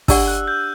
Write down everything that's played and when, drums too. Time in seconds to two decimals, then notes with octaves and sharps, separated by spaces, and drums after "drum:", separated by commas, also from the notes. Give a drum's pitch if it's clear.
0.08 D4 G4 D5 F#5 E6, drum: kick, open hi-hat
0.28 F#6
0.48 G6